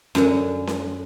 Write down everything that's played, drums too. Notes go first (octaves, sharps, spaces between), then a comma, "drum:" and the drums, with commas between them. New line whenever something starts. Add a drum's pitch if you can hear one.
F#2 D3, drum: snare C#4
drum: snare C#4